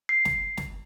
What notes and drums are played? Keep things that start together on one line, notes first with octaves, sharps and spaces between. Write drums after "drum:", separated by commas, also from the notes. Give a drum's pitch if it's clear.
C7
drum: snare
drum: snare